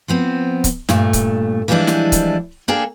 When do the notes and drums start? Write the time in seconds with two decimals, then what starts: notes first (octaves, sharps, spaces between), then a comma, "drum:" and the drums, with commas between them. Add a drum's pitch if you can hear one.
0.08 F3 B3 C4
0.64 drum: kick C#1, hi-hat
0.89 G2 A#2 A3, drum: snare
1.13 drum: kick C#1, hi-hat
1.68 E3 F3 G3 G#3 D4 E4
1.87 drum: snare
2.12 drum: kick C#1, hi-hat
2.68 A#3 D4 G#4 A4 G5